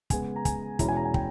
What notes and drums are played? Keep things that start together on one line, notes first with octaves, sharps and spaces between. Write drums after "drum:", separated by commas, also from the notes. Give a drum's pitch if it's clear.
C#3 G#3 B3 G#5, drum: kick, hi-hat
A#5
G#5, drum: kick, hi-hat
E2 B2 G#3 C#4 E4 A#5, drum: kick, hi-hat
G#5
A#5
G#5
G5, drum: kick